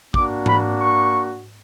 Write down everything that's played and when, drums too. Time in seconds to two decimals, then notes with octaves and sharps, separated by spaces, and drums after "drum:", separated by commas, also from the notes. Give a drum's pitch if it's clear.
0.14 A#3 D4 F#4 D6, drum: kick
0.46 B5, drum: tom G#2
0.80 C#6